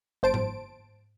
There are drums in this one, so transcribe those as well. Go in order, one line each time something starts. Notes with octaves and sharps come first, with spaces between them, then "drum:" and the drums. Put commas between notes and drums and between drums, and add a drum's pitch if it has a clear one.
G1 C5 A5 D7
drum: tom G#2